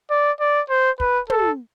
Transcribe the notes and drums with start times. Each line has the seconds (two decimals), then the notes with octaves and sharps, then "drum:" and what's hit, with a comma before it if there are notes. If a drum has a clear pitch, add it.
0.11 D5
0.40 D5
0.70 C5
1.00 B4, drum: kick
1.30 A4, drum: tom